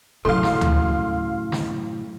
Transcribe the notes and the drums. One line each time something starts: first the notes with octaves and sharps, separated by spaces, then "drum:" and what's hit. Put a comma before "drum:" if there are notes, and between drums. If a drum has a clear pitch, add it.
F#2 A2 C#3 F#3 A4 F5 C6
drum: snare
drum: tom D2
drum: snare